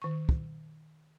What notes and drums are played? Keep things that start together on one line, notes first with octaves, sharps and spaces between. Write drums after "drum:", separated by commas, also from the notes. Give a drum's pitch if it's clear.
D#3 C#6
drum: kick